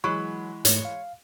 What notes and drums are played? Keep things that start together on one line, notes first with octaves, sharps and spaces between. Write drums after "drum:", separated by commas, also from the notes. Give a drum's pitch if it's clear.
E3 F#3 G#3 B5 C#6
G#2 A3 C#5, drum: hi-hat
F5